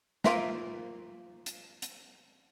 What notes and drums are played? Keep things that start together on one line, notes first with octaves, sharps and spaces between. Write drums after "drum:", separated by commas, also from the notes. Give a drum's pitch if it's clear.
A#3 F4 A#4 E5 A#5, drum: snare
drum: hi-hat
drum: hi-hat